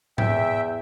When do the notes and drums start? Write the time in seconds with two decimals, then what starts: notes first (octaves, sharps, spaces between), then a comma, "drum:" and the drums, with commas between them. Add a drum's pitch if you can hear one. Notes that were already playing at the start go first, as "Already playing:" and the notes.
0.18 E2 E5 G5, drum: tom G#2